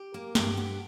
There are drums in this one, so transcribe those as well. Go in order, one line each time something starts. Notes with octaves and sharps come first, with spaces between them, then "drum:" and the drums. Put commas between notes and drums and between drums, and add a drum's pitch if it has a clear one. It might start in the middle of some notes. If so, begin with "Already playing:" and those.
Already playing: G4
A#3
G2 G4, drum: snare
B3 G4